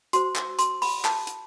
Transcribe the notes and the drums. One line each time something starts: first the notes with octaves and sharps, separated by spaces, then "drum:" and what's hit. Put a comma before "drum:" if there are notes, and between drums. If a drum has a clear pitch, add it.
F#4 C5 C6, drum: hi-hat
E6, drum: clap
C6, drum: hi-hat
B5, drum: open hi-hat
A5, drum: clap
drum: hi-hat